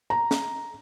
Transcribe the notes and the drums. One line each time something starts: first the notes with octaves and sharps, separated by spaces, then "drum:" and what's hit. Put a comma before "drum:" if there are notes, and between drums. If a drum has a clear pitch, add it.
A#5
drum: snare